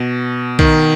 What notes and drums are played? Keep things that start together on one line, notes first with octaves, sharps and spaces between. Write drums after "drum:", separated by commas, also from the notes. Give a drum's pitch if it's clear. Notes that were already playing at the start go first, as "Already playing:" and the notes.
Already playing: B2
D#3, drum: kick B1